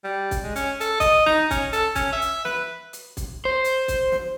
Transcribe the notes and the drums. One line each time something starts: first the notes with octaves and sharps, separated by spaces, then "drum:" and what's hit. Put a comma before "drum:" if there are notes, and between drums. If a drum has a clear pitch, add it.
G3
drum: kick, hi-hat
G#3
C#4, drum: hi-hat
A4, drum: hi-hat
D#5, drum: kick, hi-hat
D#4, drum: snare
C#4, drum: kick, hi-hat
A4, drum: hi-hat
C#4, drum: kick, hi-hat
E5
drum: hi-hat
B4, drum: snare
drum: hi-hat
drum: kick, hi-hat
C5
drum: hi-hat
drum: kick, hi-hat
drum: snare